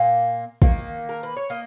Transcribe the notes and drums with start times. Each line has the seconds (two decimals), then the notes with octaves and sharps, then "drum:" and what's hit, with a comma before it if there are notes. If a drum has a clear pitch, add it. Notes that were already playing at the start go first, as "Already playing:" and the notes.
Already playing: A#2 A#3
0.62 D#3 A#3, drum: kick
1.09 A#4
1.23 B4
1.37 C#5
1.50 A#3 D#5